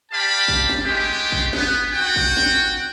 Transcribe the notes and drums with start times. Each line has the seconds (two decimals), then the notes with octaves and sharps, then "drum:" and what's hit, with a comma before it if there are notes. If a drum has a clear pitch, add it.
0.11 G4 D5 F5 A5 B5
0.48 drum: kick
0.69 drum: snare
0.84 G#3 A3 G4
1.32 drum: kick
1.53 B3, drum: snare
1.93 F#4 F#5 G5
2.16 drum: kick
2.37 drum: snare